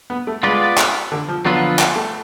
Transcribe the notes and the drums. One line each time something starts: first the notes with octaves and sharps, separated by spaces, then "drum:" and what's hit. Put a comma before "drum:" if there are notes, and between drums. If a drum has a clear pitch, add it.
B3
A3
G#3 B3 F4 B4 D5
drum: clap
D3
F3
D3 F3 F#3 B3 F4 B4
drum: clap
A3